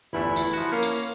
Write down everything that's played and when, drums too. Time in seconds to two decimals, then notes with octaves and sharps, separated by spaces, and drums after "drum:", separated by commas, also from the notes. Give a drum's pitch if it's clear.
0.13 G1 E2 A3 E4
0.36 drum: tambourine
0.53 F3 F#4
0.72 A#3 C#4
0.83 drum: tambourine